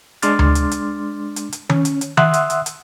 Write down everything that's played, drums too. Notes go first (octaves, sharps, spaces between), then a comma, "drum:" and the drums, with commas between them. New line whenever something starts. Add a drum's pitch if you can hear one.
G#3 D4 C6 D6 F6 A6, drum: hi-hat
drum: tom D2
drum: hi-hat
drum: hi-hat
drum: hi-hat
drum: hi-hat
C#4, drum: tom D#3
drum: hi-hat
drum: hi-hat
E5 F#5 C6 D#6 E6 F#6, drum: tom D#3
drum: hi-hat
drum: hi-hat
drum: hi-hat